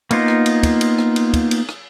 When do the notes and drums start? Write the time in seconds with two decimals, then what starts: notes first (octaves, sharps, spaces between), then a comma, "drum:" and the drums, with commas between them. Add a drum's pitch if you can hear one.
0.11 A#3 B3 D#4 F4, drum: cymbal
0.28 drum: rim click
0.46 drum: cymbal
0.63 drum: kick, cymbal
0.81 drum: cymbal
0.98 drum: rim click
1.16 drum: cymbal
1.34 drum: kick, cymbal
1.51 drum: cymbal
1.69 drum: rim click